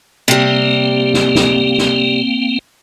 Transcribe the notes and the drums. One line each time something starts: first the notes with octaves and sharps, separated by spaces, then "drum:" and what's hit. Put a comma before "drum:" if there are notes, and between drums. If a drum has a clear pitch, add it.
C3 G3 A#3 C4
drum: snare
drum: snare
drum: snare